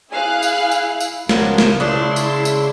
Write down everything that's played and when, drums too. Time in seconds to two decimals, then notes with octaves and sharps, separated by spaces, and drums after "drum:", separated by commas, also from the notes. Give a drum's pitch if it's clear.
0.11 E4 G#4 F5 F#6
0.43 drum: tambourine
0.71 drum: tambourine
1.00 drum: tambourine
1.29 C#2 F3 F#3 B3 D4 F4 A#4, drum: snare
1.58 drum: snare
1.80 C#3 D4 E4 C6
2.16 drum: tambourine
2.45 drum: tambourine